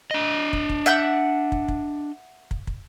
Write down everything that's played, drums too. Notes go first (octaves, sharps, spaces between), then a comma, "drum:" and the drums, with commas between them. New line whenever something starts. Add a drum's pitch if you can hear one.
D4 D#5
drum: kick
drum: kick
E5 F#5 G6
drum: kick
drum: kick
drum: kick
drum: kick